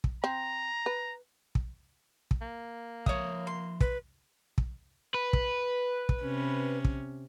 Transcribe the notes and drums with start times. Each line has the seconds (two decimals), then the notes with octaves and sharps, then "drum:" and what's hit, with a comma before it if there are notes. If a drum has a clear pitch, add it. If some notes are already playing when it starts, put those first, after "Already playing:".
0.04 drum: kick
0.24 C4 A#5
0.86 B4
1.55 drum: kick
2.31 drum: kick
2.41 A#3
3.06 F3 C#5 E5 F5 D#6, drum: kick
3.47 C6
3.81 B4, drum: kick
4.58 drum: kick
5.14 B4
5.33 drum: kick
6.09 drum: kick
6.23 C3 C#4
6.85 drum: kick